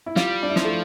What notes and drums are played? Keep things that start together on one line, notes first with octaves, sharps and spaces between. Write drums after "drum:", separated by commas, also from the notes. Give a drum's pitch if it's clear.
E4
G3 F4, drum: snare
D4
E4
F3 D4, drum: snare
A3